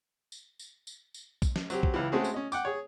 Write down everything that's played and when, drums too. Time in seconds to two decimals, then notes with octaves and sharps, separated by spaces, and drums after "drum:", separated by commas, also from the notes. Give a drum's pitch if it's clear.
0.32 drum: tambourine
0.59 drum: tambourine
0.87 drum: tambourine
1.14 drum: tambourine
1.42 drum: kick B1, tambourine
1.56 drum: snare
1.70 F#3 C4 G4, drum: tambourine
1.83 drum: kick B1
1.94 C#2 E3
2.12 G#3 A3 C4 C#4 F#4 G#4
2.24 drum: tambourine
2.34 C#4 D#5
2.52 F#5 G5 D6, drum: tambourine
2.65 G#4 C#5